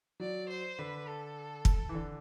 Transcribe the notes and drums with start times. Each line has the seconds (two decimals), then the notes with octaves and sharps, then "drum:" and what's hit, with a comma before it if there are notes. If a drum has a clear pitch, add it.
0.20 F#3 D5
0.49 C5
0.78 D3 B4
1.07 A4
1.65 drum: kick
1.89 E3
1.95 D3